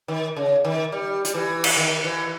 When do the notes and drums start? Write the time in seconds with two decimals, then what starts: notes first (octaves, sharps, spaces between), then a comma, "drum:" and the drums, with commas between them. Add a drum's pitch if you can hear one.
0.08 D#3
0.36 C#3
0.64 D#3
0.92 G3
1.25 G3, drum: hi-hat
1.34 E3
1.64 drum: cymbal
1.77 D#3
2.04 E3